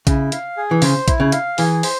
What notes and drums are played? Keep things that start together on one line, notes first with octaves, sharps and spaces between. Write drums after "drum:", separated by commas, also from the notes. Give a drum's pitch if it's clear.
C#3 E4, drum: kick A#1, hi-hat
F5, drum: hi-hat
G#4
E3
C#3 C5, drum: open hi-hat
E4, drum: kick A#1, hi-hat
C#3
F5, drum: hi-hat
E3 G#4, drum: open hi-hat
C5, drum: open hi-hat